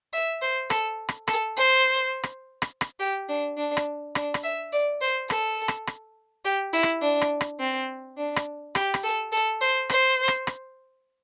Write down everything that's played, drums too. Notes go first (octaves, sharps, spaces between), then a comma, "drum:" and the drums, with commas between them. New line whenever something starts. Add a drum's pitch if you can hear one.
E5
C5
A4, drum: rim click
drum: rim click
A4, drum: rim click
C5
drum: rim click
drum: rim click
drum: rim click
G4
D4
D4
drum: rim click
D4, drum: rim click
drum: rim click
E5
D5
C5
A4, drum: rim click
drum: rim click
drum: rim click
G4
E4
drum: rim click
D4
drum: rim click
drum: rim click
C4
D4
drum: rim click
G4, drum: rim click
drum: rim click
A4
A4
C5
C5, drum: rim click
drum: rim click
drum: rim click